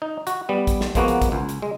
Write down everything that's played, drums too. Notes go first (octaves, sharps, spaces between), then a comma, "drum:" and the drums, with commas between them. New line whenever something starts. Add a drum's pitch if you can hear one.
D#4
F#4, drum: hi-hat
G3 B3
drum: kick A1, hi-hat
drum: snare
F3 G#3 A#3 B3 F#4, drum: kick A1, hi-hat
drum: hi-hat
drum: kick A1, hi-hat
C#2
drum: hi-hat
G#3